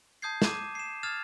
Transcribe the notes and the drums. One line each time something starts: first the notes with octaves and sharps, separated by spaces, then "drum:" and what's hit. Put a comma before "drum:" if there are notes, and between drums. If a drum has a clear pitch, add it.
A5 D#6 G6 G#6 C7
D6 D#7 E7, drum: snare
C7 E7
D#6 F6 G#6 A6 E7 F7